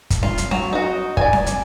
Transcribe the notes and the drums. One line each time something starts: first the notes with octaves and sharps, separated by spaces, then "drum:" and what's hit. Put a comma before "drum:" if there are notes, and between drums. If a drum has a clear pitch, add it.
drum: kick, hi-hat
F4, drum: snare C4
drum: hi-hat
F#3, drum: snare C4
D#4 F#4
D5 G#5, drum: kick
drum: snare C4
drum: hi-hat